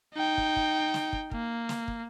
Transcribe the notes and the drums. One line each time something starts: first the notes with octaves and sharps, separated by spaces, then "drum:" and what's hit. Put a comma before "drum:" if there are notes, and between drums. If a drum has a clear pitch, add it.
D#4 G5
drum: kick
drum: kick
drum: snare
drum: kick
A#3, drum: kick
drum: snare
drum: kick